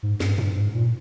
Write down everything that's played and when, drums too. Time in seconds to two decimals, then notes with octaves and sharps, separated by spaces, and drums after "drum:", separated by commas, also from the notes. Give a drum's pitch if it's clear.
0.03 G#2
0.20 G2, drum: snare
0.38 drum: tom
0.56 G#2
0.74 A#2